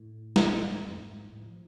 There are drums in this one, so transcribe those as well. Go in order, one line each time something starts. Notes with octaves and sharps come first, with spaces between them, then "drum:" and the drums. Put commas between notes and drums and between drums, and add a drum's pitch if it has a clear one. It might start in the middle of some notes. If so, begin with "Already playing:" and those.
Already playing: A2
drum: snare
G#2
F2
G#2
A2
E3
F3